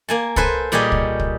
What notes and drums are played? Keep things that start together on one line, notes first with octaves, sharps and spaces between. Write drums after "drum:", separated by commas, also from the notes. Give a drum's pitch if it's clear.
A#3 G#5 A5
A4 B4 C5 G#5, drum: kick
A#2 G3 G4 G#4 C#5 D#5
drum: kick
drum: kick